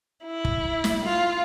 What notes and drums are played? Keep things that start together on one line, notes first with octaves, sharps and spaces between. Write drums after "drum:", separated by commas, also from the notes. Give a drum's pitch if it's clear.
E4
drum: kick
drum: snare
F4